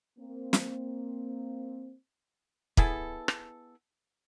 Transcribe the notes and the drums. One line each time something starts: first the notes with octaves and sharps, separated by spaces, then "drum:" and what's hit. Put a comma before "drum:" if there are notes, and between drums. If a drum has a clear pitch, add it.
A#3 C4
drum: snare
B3 E4 G#4 A4, drum: kick
drum: rim click